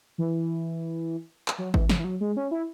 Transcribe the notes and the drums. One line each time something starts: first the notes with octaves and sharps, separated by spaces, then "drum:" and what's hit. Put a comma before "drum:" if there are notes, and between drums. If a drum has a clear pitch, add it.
E3
drum: clap
F#3
E3, drum: kick G#1
C#3, drum: snare
E3
F#3
G#3
C#4
E4